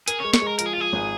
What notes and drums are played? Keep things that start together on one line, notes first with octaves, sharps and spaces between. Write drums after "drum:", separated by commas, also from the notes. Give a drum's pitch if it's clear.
G#4 A#4, drum: hi-hat
G#3 C#5
C#5, drum: snare
G#3 A#4
F3 A#4, drum: hi-hat
G#4
F4
F3 G#4
G#1